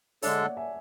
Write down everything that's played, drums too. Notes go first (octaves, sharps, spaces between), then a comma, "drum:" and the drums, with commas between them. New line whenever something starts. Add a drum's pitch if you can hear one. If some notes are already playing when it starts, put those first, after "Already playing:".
D3 G#3 D4 A4 C#5 E5, drum: open hi-hat
D5 F#5
E5 G#5